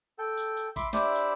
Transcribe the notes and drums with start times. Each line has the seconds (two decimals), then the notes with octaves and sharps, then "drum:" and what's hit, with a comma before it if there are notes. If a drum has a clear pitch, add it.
0.18 A4 G5
0.37 drum: tambourine
0.57 drum: tambourine
0.76 E5 B5 C6 D6, drum: kick A1, tambourine
0.93 D4 E4 G4 C5 D5 E5, drum: snare
1.15 drum: tambourine